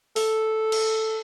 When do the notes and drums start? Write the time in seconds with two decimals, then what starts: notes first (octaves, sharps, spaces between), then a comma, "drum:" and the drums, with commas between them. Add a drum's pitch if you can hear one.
0.16 A4, drum: open hi-hat
0.72 drum: cymbal